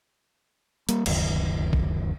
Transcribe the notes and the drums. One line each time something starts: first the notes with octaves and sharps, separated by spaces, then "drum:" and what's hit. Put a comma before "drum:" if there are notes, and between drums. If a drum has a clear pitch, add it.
G3 A#3, drum: hi-hat
D1 C#2 F#2 D#3, drum: cymbal
drum: kick